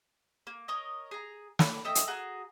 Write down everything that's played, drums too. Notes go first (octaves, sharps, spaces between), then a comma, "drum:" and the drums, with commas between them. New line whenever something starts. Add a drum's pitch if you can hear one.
A#3
A#4 C#5 D#5
G#4 A#5
D4 B5, drum: snare
A4 D#5 E5 G5
drum: hi-hat
F#4 G#4 A#5